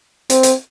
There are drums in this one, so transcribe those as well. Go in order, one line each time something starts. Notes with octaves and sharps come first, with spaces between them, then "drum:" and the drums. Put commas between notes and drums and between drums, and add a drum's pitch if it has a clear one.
C4, drum: hi-hat
drum: hi-hat